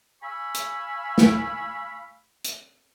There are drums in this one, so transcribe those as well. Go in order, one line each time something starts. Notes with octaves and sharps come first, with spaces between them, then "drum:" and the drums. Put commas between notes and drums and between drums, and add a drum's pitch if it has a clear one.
F5 G#5 B5 C#6 E6
drum: hi-hat
drum: snare
drum: hi-hat